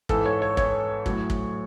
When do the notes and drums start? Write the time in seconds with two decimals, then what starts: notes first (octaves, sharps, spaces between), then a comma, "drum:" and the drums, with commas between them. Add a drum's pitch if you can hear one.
0.09 G#2 E3 A4, drum: kick
0.26 C#5
0.42 C#5
0.57 C#5, drum: kick
1.06 A2 F#3, drum: kick
1.30 drum: kick